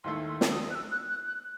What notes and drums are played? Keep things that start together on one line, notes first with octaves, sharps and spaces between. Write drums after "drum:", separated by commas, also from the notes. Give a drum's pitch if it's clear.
D#2 D#3 A3 E4 A4 C6
C6
drum: snare
D#6
F#6
E6
F#6
F#6
F#6